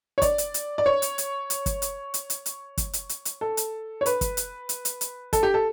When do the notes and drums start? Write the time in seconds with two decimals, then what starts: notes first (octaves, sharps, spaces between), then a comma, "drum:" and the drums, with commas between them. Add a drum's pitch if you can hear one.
0.18 C#5
0.22 D5, drum: kick, hi-hat
0.38 drum: hi-hat
0.54 drum: hi-hat
0.78 D5
0.86 C#5
1.02 drum: hi-hat
1.18 drum: hi-hat
1.50 drum: hi-hat
1.66 drum: kick, hi-hat
1.82 drum: hi-hat
2.14 drum: hi-hat
2.30 drum: hi-hat
2.46 drum: hi-hat
2.78 drum: kick, hi-hat
2.93 drum: hi-hat
3.09 drum: hi-hat
3.25 drum: hi-hat
3.41 A4
3.57 drum: hi-hat
4.01 C#5
4.06 B4, drum: hi-hat
4.21 drum: kick, hi-hat
4.37 drum: hi-hat
4.69 drum: hi-hat
4.85 drum: hi-hat
5.01 drum: hi-hat
5.33 A4, drum: kick, hi-hat
5.43 G4
5.54 A4